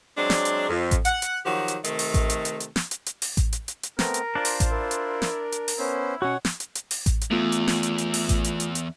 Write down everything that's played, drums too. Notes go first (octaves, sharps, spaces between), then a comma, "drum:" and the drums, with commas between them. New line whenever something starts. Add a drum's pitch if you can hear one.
F#3 G#3 C4 D4
drum: snare
drum: hi-hat
F2
drum: kick A1, hi-hat
F#5, drum: hi-hat
drum: hi-hat
D#3 F3 F#3 F#4 G4
drum: hi-hat
C3 D#3 A3, drum: hi-hat
drum: open hi-hat
drum: kick A1, hi-hat
drum: hi-hat
drum: hi-hat
drum: hi-hat
drum: snare
drum: hi-hat
drum: hi-hat
drum: open hi-hat
drum: kick A1, hi-hat
drum: hi-hat
drum: hi-hat
drum: hi-hat
A3 B3 C4 A#4, drum: snare
drum: hi-hat
D4 F4 C5 D5
drum: open hi-hat
drum: kick A1, hi-hat
E4 A#4
drum: hi-hat
drum: snare
drum: hi-hat
drum: open hi-hat
B3 C#4 E4 C5
B2 C#4 F#4 C#5 F#5
drum: snare
drum: hi-hat
drum: hi-hat
drum: open hi-hat
drum: kick A1, hi-hat
drum: hi-hat
E2 A3 B3 F4
drum: hi-hat
drum: snare
drum: hi-hat
drum: hi-hat
drum: open hi-hat
drum: kick A1, hi-hat
drum: hi-hat
drum: hi-hat
drum: hi-hat